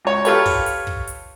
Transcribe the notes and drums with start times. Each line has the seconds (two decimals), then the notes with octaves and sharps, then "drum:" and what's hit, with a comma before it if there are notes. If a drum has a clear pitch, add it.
0.05 C#2 C#5
0.25 F4 G4 A4 B4 C#5, drum: hi-hat
0.46 drum: kick, open hi-hat
0.66 drum: hi-hat
0.87 drum: kick
1.07 drum: hi-hat